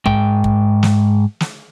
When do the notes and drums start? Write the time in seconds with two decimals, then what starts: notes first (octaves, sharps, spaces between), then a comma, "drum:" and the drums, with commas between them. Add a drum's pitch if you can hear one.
0.06 G#2 G5, drum: kick
0.44 drum: kick
0.83 drum: snare
1.40 drum: snare